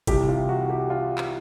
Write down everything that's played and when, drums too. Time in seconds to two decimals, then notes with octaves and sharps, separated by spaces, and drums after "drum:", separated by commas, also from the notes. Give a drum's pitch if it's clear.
0.07 C2 C3 E3 G4, drum: kick F#1, hi-hat
0.29 F4
0.49 F#4
0.70 G4
0.90 F4
1.18 drum: clap